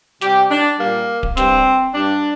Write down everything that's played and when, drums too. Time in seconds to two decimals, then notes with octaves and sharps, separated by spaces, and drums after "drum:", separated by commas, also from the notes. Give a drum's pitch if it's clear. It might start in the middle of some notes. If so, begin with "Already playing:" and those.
0.21 C3 G3 G4, drum: snare
0.51 D4
0.79 A#2 G3 A#3
1.23 drum: kick D1
1.37 G2 G3 C4, drum: snare
1.94 G2 G3 D4